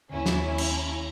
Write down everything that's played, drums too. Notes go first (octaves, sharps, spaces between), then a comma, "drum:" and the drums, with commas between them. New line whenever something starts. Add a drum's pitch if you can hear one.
D#2 C#4 E4
drum: snare
drum: cymbal